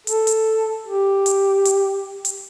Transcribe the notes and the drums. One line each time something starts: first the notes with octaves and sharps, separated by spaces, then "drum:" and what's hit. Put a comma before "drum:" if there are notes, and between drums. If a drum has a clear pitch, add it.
A4, drum: hi-hat
drum: hi-hat
G4
drum: hi-hat
drum: hi-hat
drum: hi-hat